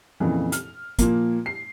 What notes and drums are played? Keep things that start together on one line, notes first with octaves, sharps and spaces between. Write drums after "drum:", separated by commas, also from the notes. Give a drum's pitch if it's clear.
F2 A#2 C#3 E3
F6, drum: hi-hat
A#2 F3 A#3, drum: kick, hi-hat
C7